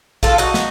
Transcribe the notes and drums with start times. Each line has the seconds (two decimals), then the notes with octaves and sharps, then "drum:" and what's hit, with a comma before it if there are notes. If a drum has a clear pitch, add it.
0.23 F4 A4, drum: kick A#1
0.38 D#4 F#4
0.54 drum: snare